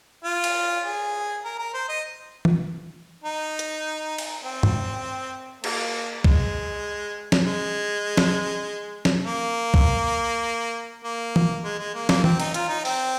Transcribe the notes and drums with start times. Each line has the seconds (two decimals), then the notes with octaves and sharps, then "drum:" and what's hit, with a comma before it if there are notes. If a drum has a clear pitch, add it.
0.24 F4
0.44 drum: cymbal
0.84 G#4
1.44 A#4
1.59 A#4
1.74 C5
1.89 D#5
2.45 drum: tom E3
3.24 D#4
3.59 drum: hi-hat
4.18 drum: cymbal
4.44 C4
4.63 drum: tom G2
5.64 A#3, drum: cymbal
6.24 G#3, drum: kick C2
7.32 drum: snare
7.44 G#3
8.17 drum: snare
9.05 drum: snare
9.25 A#3
9.74 drum: kick C2
11.05 A#3
11.36 drum: tom E3
11.64 G#3
11.80 G#3
11.95 A#3
12.09 A#3, drum: snare
12.24 C4, drum: tom E3
12.40 D#4, drum: cymbal
12.54 F4, drum: hi-hat
12.69 D#4
12.85 C4, drum: open hi-hat